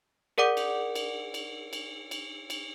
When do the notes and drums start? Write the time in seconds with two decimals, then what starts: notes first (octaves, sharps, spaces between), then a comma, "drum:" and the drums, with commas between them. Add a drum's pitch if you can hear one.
0.38 G#4 A#4 D5 F#5 D6
0.57 drum: cymbal
0.95 drum: cymbal
1.34 drum: cymbal
1.73 drum: cymbal
2.11 drum: cymbal
2.50 drum: cymbal